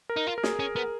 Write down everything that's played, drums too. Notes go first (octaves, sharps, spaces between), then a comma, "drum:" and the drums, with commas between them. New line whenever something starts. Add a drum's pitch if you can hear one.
A#4
D#4
F4
A#4
G#4, drum: snare
C#4
B3 A#4